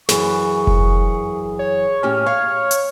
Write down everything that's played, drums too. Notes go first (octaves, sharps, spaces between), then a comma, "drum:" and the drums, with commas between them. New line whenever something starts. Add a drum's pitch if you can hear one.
F#2 E3 G#4 C#6, drum: snare
drum: kick F1
C#5
A2 C#4 G4 F6
C#5 F5
drum: hi-hat